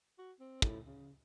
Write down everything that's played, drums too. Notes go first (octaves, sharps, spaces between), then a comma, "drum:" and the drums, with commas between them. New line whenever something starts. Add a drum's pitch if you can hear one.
F#4
C4
A2, drum: kick
C#3